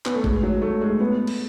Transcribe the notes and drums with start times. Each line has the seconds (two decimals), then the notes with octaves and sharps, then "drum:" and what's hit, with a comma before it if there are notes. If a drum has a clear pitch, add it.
0.06 B3, drum: clap
0.15 A3
0.24 G#3, drum: kick G#1
0.43 F#3
0.62 A3
0.81 G#3
1.00 B3
1.27 drum: cymbal